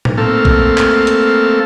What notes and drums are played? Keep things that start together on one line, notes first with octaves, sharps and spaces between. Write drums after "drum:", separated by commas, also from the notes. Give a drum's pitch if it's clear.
drum: tom A2
A3 A#3 C4 A4 F5
drum: kick A#1
drum: clap
drum: hi-hat